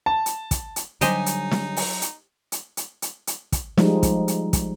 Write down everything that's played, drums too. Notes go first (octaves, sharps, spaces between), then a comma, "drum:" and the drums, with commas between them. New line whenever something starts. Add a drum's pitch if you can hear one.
A5
drum: hi-hat
drum: kick, hi-hat
drum: hi-hat
D3 F#3 G3 D#4 G4 C5 D#5 G#5, drum: hi-hat
drum: hi-hat
drum: snare
drum: open hi-hat
drum: hi-hat
drum: hi-hat
drum: hi-hat
drum: hi-hat
drum: hi-hat
drum: kick, hi-hat
F3 G3 G#3 D#4, drum: snare
drum: kick, hi-hat
drum: hi-hat
drum: kick, hi-hat